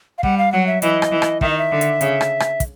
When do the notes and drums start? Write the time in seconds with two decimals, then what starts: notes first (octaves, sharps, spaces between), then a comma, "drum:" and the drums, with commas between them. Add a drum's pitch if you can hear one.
0.18 F5
0.23 G3 F#5, drum: kick
0.38 F5
0.52 F#3 F#5
0.67 E5
0.82 E3 D#5, drum: hi-hat
1.02 drum: rim click
1.11 E3
1.22 drum: rim click
1.41 D#3 E5, drum: kick
1.50 D#5
1.58 E5
1.72 D3
1.81 drum: hi-hat
2.01 C#3, drum: hi-hat
2.21 drum: rim click
2.40 drum: rim click
2.60 drum: kick, hi-hat